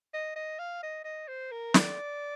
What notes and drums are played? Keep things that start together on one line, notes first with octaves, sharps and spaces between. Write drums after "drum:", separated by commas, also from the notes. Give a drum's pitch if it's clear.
D#5
D#5
F5
D#5
D#5
C5
A#4
D5, drum: snare